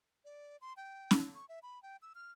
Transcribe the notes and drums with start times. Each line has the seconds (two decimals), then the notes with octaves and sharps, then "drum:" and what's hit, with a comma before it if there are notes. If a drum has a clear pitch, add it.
0.25 D5
0.61 C6
0.77 G5
1.11 drum: snare C#4
1.35 C#6
1.49 E5
1.63 B5
1.83 G5
2.02 E6
2.15 F6